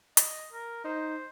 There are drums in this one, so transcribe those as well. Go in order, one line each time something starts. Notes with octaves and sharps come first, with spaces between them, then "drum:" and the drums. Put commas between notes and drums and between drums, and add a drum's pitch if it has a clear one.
D#5, drum: hi-hat
A#4
D#4 C5